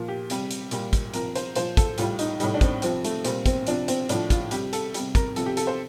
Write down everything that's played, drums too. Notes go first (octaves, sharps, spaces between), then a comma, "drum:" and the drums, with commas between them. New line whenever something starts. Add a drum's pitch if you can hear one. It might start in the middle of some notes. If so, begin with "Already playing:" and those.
Already playing: A#2 F3 F4
G4
C3 G3, drum: hi-hat
drum: hi-hat
A#2 G3, drum: hi-hat
drum: kick, hi-hat
C3 F3 A#4, drum: hi-hat
C5, drum: hi-hat
A#2 F3 C5, drum: hi-hat
A4, drum: kick, hi-hat
A2 G3 F4, drum: hi-hat
D#4, drum: hi-hat
A2 G3 D#4, drum: hi-hat
D4
C4, drum: kick, hi-hat
C3 F3 C4, drum: hi-hat
A3, drum: hi-hat
A#2 G3 C4, drum: hi-hat
C4, drum: kick, hi-hat
C3 F3 D4, drum: hi-hat
C4, drum: hi-hat
A2 F3 D4, drum: hi-hat
F4, drum: kick, hi-hat
C3 G3 G4, drum: hi-hat
A4, drum: hi-hat
C3 G3, drum: hi-hat
A#4, drum: kick, hi-hat
C3 F3 A4, drum: hi-hat
G4
A4, drum: hi-hat
C5